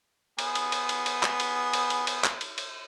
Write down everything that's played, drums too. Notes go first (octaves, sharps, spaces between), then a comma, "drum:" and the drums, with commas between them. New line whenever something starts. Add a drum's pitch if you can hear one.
B3 G#4, drum: cymbal
drum: cymbal
drum: cymbal
drum: cymbal
drum: cymbal
drum: clap
drum: cymbal
drum: cymbal
drum: cymbal
drum: cymbal
drum: clap
drum: cymbal
drum: cymbal